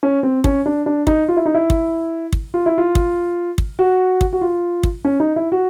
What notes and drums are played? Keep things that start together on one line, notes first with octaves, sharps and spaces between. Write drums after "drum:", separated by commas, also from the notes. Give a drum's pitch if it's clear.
C#4
C4
C#4, drum: kick
D4
D4
D#4, drum: kick
F4
E4
D#4
E4
drum: kick
drum: kick
F4
E4
F4
drum: kick
drum: kick
F#4
drum: kick
F#4
F4
drum: kick
C#4
D#4
E4
F#4